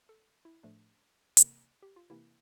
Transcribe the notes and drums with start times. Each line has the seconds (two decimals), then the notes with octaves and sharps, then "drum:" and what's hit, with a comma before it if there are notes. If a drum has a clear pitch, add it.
0.09 A4
0.45 E4
0.63 A2 F3 A3 D4
1.37 C3 E3 A#3, drum: hi-hat
1.82 G4
1.96 F4
2.10 C3 E3 A#3 E4